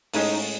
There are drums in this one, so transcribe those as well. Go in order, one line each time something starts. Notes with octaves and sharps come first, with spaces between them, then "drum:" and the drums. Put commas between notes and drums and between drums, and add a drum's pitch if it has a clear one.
A2 G#3 C#4 D#4 G#4, drum: open hi-hat